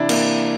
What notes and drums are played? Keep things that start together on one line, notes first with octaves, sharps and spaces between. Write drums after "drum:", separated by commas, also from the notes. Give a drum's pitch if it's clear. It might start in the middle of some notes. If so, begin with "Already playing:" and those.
Already playing: C3 E3 D4 E4
A#3, drum: cymbal